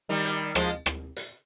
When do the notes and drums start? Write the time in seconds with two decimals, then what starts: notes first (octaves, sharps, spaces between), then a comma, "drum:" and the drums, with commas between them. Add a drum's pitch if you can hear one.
0.09 D#3 G3
0.25 drum: hi-hat
0.55 F3 G#3, drum: rim click
0.86 drum: rim click
1.16 drum: hi-hat